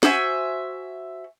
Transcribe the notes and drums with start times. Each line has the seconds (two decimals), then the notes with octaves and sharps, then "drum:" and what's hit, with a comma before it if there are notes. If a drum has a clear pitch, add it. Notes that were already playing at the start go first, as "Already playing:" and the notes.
0.03 F#4 C5 E5 G#5, drum: snare